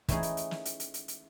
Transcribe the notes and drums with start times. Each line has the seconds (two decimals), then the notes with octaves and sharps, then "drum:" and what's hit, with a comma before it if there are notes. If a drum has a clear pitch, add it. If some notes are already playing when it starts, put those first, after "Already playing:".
0.08 E3 A3 C#4 D#4 G#4, drum: kick, hi-hat
0.23 drum: hi-hat
0.37 drum: hi-hat
0.51 drum: snare
0.65 drum: hi-hat
0.80 drum: hi-hat
0.94 drum: hi-hat
1.08 drum: hi-hat